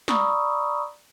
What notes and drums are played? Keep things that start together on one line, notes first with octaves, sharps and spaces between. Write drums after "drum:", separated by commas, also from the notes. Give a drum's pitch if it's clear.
D5 A#5 B5 C#6 D#6 E6, drum: snare